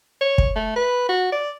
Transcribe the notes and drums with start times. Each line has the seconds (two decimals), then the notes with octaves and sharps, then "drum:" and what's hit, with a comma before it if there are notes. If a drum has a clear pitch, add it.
0.21 C#5
0.38 drum: kick
0.56 A3
0.76 B4
1.09 F#4
1.33 D5